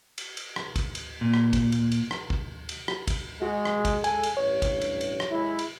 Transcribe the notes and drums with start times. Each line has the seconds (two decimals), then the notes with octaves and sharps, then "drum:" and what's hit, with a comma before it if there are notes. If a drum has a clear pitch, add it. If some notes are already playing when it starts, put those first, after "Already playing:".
0.18 drum: cymbal
0.37 drum: cymbal
0.56 drum: rim click
0.76 drum: kick, cymbal
0.95 drum: cymbal
1.21 A#2
1.34 drum: rim click
1.53 drum: kick, cymbal
1.72 drum: cymbal
1.92 drum: cymbal
2.11 drum: rim click
2.30 drum: kick
2.69 drum: cymbal
2.88 drum: rim click
3.07 drum: kick, cymbal
3.42 G#3 F#4
3.65 drum: rim click
3.85 drum: kick, cymbal
4.04 G#3 A4 G#5, drum: cymbal
4.23 drum: cymbal
4.37 A1 G2 C#5
4.62 drum: kick, cymbal
4.81 drum: cymbal
5.01 drum: cymbal
5.20 drum: rim click
5.31 G#3 E4
5.59 drum: cymbal